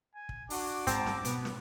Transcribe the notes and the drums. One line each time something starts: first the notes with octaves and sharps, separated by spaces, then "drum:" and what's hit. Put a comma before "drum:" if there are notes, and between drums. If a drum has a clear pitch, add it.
G#5
drum: kick
D4 F#4 D6, drum: open hi-hat
G#2 C4 G5 A5 A#5, drum: kick, hi-hat
drum: snare
B2 B3, drum: hi-hat
drum: snare